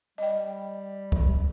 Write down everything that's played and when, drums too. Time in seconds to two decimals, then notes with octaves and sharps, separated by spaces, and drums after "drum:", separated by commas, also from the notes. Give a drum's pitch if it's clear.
0.18 G3 D#5 G5
1.12 drum: kick